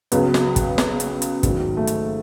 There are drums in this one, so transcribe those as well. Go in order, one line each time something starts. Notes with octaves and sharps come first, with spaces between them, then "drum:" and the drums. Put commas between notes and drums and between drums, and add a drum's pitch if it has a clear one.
C#2 C#3 F#3 B3, drum: hi-hat
drum: snare
drum: kick, hi-hat
drum: snare
drum: hi-hat
drum: hi-hat
G#2 D#3 F#3, drum: kick, hi-hat
A3
drum: hi-hat